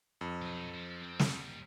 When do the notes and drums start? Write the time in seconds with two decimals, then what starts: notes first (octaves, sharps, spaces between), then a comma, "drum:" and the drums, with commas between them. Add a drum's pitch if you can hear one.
0.21 F2
0.42 F#3 D#4
0.74 F3
1.02 C4
1.19 drum: snare
1.29 D#2 G3